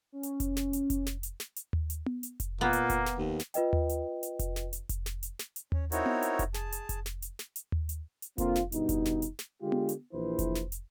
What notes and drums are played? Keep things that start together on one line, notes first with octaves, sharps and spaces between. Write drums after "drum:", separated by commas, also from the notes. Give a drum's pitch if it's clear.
C#4
drum: hi-hat
drum: kick F1, hi-hat
drum: snare
drum: hi-hat
drum: kick F1, hi-hat
drum: snare
drum: hi-hat
drum: snare
drum: hi-hat
drum: tom D#2
drum: hi-hat
drum: tom B3
drum: hi-hat
drum: kick F1, hi-hat
A#2 A#3 B3
drum: hi-hat
drum: kick F1, hi-hat
drum: snare
D#2
drum: snare
F4 B4 D#5 G5, drum: hi-hat
drum: tom D#2
drum: hi-hat
drum: hi-hat
drum: kick F1, hi-hat
drum: snare
drum: hi-hat
drum: kick F1, hi-hat
drum: snare
drum: hi-hat
drum: snare
drum: hi-hat
C#4, drum: tom D#2
C4 D#4 E4 F#4 A#4 C#5, drum: hi-hat
drum: tom B3
drum: hi-hat
drum: kick F1, hi-hat
G#4 A5, drum: snare
drum: hi-hat
drum: kick F1, hi-hat
drum: snare
drum: hi-hat
drum: snare
drum: hi-hat
drum: tom D#2
drum: hi-hat
drum: hi-hat
D3 A#3 C4 F4, drum: kick F1, hi-hat
drum: snare
G2 B2 D#4, drum: hi-hat
drum: kick F1, hi-hat
drum: snare
drum: hi-hat
drum: snare
D3 G#3 F4 G4
drum: tom B3
drum: hi-hat
A#1 E3 E4 B4 C5
drum: kick F1, hi-hat
drum: snare
drum: hi-hat